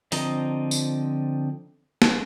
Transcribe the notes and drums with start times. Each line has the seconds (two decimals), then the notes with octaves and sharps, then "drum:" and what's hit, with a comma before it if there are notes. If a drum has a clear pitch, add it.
0.12 D3 F3 C4 D#5 A#5, drum: open hi-hat
0.71 drum: tambourine
2.02 drum: snare